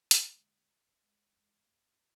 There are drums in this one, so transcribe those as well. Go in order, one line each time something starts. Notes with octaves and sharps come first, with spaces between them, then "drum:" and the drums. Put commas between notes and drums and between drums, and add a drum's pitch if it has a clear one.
A#3, drum: hi-hat
D3 G#3 A#3
D1 D#2
E2 G#3
F#1 E2 D3 G#3
G2 A3